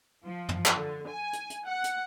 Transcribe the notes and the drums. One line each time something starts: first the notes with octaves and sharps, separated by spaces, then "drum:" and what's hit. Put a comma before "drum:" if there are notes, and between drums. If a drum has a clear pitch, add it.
F3
drum: tom
drum: clap
D3
G#5
drum: hi-hat
drum: hi-hat
F#5
drum: hi-hat